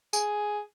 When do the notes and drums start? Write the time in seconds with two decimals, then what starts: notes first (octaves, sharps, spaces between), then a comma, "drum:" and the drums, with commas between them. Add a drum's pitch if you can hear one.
0.13 G#4, drum: tambourine